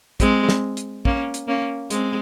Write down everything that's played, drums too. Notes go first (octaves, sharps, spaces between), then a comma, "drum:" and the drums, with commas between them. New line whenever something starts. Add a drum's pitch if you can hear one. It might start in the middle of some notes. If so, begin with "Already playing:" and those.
G#3 C4, drum: kick, hi-hat
drum: snare
drum: hi-hat
A#3 C#4, drum: kick
drum: hi-hat
A#3 C#4
G#3 C4, drum: hi-hat